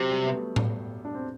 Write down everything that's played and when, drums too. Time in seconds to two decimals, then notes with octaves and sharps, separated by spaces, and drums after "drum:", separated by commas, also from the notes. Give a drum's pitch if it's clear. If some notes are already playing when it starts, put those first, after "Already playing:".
Already playing: C3 F#3
0.11 G3
0.26 B3
0.34 A3
0.56 drum: tom A2
1.05 D4
1.15 C4